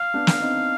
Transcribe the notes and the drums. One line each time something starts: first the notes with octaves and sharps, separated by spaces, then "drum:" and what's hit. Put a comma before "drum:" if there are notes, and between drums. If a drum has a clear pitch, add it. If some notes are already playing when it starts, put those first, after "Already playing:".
Already playing: F5
B3 D4
drum: snare
C4 D#4